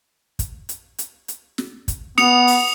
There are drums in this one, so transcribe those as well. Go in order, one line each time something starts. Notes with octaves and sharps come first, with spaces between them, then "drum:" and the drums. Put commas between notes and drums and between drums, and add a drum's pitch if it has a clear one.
drum: kick, hi-hat
drum: hi-hat
drum: hi-hat
drum: hi-hat
drum: snare
drum: kick, hi-hat
B3 D#6 C#7 F7, drum: snare
drum: open hi-hat